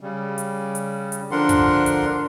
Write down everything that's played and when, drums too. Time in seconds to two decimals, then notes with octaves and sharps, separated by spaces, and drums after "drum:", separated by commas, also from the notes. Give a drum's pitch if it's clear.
0.01 C#3 G3
0.38 drum: hi-hat
0.75 drum: hi-hat
1.12 drum: hi-hat
1.31 D3 F3 D4 A#4 F#5 C6
1.49 drum: kick, hi-hat
1.86 drum: hi-hat